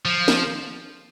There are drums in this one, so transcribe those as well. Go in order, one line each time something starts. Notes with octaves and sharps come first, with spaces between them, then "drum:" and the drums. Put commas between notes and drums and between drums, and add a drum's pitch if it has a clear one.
F3
drum: snare